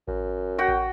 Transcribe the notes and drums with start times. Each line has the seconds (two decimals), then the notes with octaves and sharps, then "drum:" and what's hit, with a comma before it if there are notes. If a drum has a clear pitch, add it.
0.08 F#2, drum: kick A1
0.58 F#4 G5
0.68 drum: kick A1